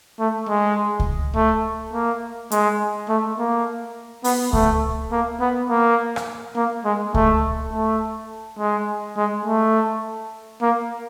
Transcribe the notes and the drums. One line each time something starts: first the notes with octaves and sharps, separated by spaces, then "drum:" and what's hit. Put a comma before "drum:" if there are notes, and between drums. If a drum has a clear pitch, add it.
A3
G#3
drum: kick C#2
A3
A#3
G#3, drum: hi-hat
A3
A#3
B3, drum: open hi-hat
A3, drum: kick C#2
A#3
B3
A#3
drum: rim click
A#3
G#3
A3, drum: kick C#2
A3
G#3
G#3
A3
A#3